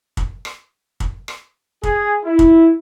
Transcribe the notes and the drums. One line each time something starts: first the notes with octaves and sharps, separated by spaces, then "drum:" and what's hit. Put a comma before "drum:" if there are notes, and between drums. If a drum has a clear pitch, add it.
drum: kick
drum: rim click
drum: kick
drum: rim click
G#4, drum: kick
E4
drum: kick